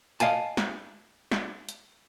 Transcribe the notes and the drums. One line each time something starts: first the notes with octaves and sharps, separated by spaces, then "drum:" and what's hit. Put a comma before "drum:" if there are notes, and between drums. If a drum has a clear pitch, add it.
D#5 F5 G#5 A5, drum: hi-hat
drum: snare
drum: snare
drum: hi-hat